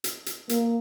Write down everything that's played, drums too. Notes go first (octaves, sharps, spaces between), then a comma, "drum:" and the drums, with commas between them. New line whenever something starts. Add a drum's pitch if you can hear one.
drum: hi-hat
drum: hi-hat
A#3, drum: hi-hat